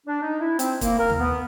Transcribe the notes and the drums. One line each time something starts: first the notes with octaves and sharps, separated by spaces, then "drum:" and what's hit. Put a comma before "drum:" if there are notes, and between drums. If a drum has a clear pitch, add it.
D4
D#4
E4
C4, drum: hi-hat
A#3, drum: kick, hi-hat
A#4
drum: tom D#2
B3